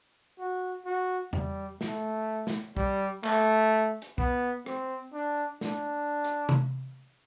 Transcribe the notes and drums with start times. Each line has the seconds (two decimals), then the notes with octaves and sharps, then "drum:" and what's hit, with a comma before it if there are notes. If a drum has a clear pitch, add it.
0.39 F#4
0.85 F#4
1.33 G3, drum: tom E2
1.81 A3, drum: snare
2.47 drum: snare
2.77 G3, drum: kick B1
3.24 A3, drum: clap
4.02 drum: hi-hat
4.18 B3, drum: kick B1
4.66 C4, drum: rim click
5.13 D4
5.61 D4, drum: snare
6.24 drum: hi-hat
6.49 drum: tom C3